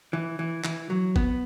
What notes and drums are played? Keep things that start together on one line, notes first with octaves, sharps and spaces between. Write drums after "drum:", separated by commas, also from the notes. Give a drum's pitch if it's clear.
E3
E3
E3, drum: clap
F#3
B3, drum: kick F#1